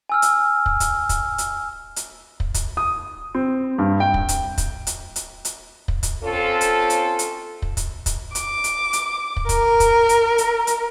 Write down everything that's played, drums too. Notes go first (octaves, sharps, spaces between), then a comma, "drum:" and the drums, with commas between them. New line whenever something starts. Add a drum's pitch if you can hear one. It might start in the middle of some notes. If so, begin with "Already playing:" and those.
G#5 E6 F6
drum: hi-hat
drum: kick
drum: kick, hi-hat
drum: kick, hi-hat
drum: hi-hat
drum: hi-hat
drum: kick
drum: kick, hi-hat
D#6
C4
G2
G5
drum: kick
drum: kick, hi-hat
drum: kick, hi-hat
drum: hi-hat
drum: hi-hat
drum: hi-hat
drum: kick
drum: kick, hi-hat
C4 C#4 F4 A4
drum: hi-hat
drum: hi-hat
drum: hi-hat
drum: kick
drum: kick, hi-hat
drum: kick, hi-hat
D6, drum: hi-hat
drum: hi-hat
drum: hi-hat
drum: kick
A#4, drum: kick, hi-hat
drum: kick, hi-hat
drum: hi-hat
drum: hi-hat
drum: hi-hat